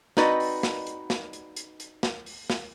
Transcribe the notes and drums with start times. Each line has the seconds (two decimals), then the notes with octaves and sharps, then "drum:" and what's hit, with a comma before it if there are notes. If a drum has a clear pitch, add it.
0.17 C4 D#4 F#4 B4 D5 D#5, drum: snare
0.40 drum: open hi-hat
0.63 drum: snare
0.87 drum: hi-hat
1.10 drum: snare
1.33 drum: hi-hat
1.56 drum: hi-hat
1.80 drum: hi-hat
2.03 drum: snare
2.26 drum: open hi-hat
2.50 drum: snare